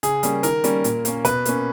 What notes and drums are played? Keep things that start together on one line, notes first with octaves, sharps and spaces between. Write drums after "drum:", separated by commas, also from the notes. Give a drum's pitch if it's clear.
C#3 G#4, drum: hi-hat
G3 A#3 C#4, drum: hi-hat
D#3 A#4, drum: hi-hat
G3 A#3 C#4, drum: hi-hat
A#2, drum: hi-hat
A#3 C#4, drum: hi-hat
B2 B4, drum: hi-hat
A#3 C#4, drum: hi-hat